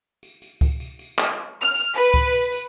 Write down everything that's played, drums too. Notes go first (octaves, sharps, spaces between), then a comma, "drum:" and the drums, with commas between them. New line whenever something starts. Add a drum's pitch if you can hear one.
drum: tambourine
drum: tambourine
drum: kick C#2, tambourine
drum: tambourine
drum: tambourine
drum: clap
F6
drum: tambourine
B4, drum: tambourine
drum: kick C#2, tambourine
drum: tambourine
drum: tambourine